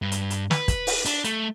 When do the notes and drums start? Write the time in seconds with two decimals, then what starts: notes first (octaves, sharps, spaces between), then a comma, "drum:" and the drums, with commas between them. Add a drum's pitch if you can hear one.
0.02 G2
0.12 drum: hi-hat
0.30 drum: hi-hat
0.51 B4, drum: snare
0.68 drum: kick, hi-hat
0.87 drum: open hi-hat
1.05 D4, drum: hi-hat
1.24 A3, drum: hi-hat